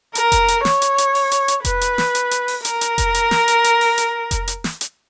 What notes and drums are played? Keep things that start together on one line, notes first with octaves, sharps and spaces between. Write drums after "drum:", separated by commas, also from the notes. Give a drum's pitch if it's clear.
A#4, drum: hi-hat
drum: kick F1, hi-hat
drum: hi-hat
C#5, drum: snare
drum: hi-hat
drum: hi-hat
drum: open hi-hat
drum: hi-hat
drum: hi-hat
B4, drum: kick F1, hi-hat
drum: hi-hat
drum: snare
drum: hi-hat
drum: hi-hat
drum: open hi-hat
A#4, drum: hi-hat
drum: hi-hat
drum: kick F1, hi-hat
drum: hi-hat
drum: snare
drum: hi-hat
drum: hi-hat
drum: open hi-hat
drum: hi-hat
drum: kick F1, hi-hat
drum: hi-hat
drum: snare
drum: hi-hat